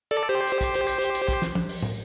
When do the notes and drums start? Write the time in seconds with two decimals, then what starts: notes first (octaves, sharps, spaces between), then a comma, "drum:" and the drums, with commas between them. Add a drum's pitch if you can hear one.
0.11 A4 D5
0.29 G4 C5
0.47 drum: hi-hat
0.61 drum: kick, hi-hat
0.74 drum: hi-hat
0.88 drum: hi-hat
1.01 drum: hi-hat
1.15 drum: hi-hat
1.28 drum: kick, hi-hat
1.42 drum: snare
1.55 drum: tom F3
1.69 drum: open hi-hat
1.82 drum: tom